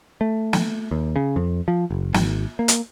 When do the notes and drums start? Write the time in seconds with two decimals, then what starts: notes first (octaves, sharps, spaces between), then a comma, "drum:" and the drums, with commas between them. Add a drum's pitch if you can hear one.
0.21 A3
0.53 drum: snare
0.91 D#2
1.16 C#3
1.36 F2
1.68 F3
1.91 F#1
2.14 G#1, drum: snare
2.59 A#3
2.68 drum: hi-hat